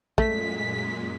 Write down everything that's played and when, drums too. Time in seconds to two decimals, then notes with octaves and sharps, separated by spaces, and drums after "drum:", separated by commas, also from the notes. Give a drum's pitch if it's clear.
0.18 F#2 A#2 G#3 A3 B6, drum: kick